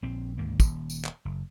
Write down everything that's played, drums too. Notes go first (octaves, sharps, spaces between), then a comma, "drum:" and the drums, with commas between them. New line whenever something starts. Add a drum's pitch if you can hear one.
A#1 C4
D2 G#2 D#3 A#3
D#1, drum: kick, tambourine
drum: tambourine
drum: clap
F#1